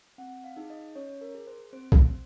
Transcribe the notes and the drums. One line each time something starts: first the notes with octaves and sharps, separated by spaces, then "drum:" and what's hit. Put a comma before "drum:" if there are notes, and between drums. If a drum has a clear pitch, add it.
C4 F#5
F5
D#4 G#4
D#5
C#4 C#5
A#4
G#4
C5
C4 C5
drum: kick